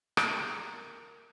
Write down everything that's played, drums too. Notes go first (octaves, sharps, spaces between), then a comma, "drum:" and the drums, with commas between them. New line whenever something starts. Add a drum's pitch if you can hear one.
A#4, drum: rim click
A#4